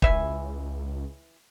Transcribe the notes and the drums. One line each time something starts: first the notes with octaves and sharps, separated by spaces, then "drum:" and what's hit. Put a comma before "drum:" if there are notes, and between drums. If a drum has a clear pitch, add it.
C#2 E3 E5 G#5, drum: kick